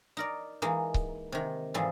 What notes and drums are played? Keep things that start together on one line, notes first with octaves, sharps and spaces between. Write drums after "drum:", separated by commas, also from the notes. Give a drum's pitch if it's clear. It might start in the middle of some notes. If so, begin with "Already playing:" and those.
D#4 A#4 D5
E3 G#3 A#3 D#4
drum: kick C#1
C3 D#3
G#2 E3 F3 G3 G#4 A4